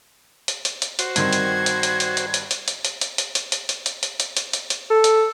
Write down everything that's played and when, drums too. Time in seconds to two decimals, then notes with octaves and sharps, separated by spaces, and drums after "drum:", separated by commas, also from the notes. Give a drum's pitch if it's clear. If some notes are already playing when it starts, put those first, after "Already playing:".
0.48 drum: hi-hat
0.65 drum: hi-hat
0.82 drum: hi-hat
0.99 F#4 C5, drum: hi-hat
1.16 G2 D#3 C4 G#6, drum: hi-hat
1.33 drum: hi-hat
1.66 drum: hi-hat
1.83 drum: hi-hat
2.00 drum: hi-hat
2.17 drum: hi-hat
2.34 drum: hi-hat
2.51 drum: hi-hat
2.68 drum: hi-hat
2.85 drum: hi-hat
3.01 drum: hi-hat
3.18 drum: hi-hat
3.35 drum: hi-hat
3.52 drum: hi-hat
3.69 drum: hi-hat
3.86 drum: hi-hat
4.03 drum: hi-hat
4.20 drum: hi-hat
4.37 drum: hi-hat
4.53 drum: hi-hat
4.70 drum: hi-hat
4.90 A4
5.04 drum: hi-hat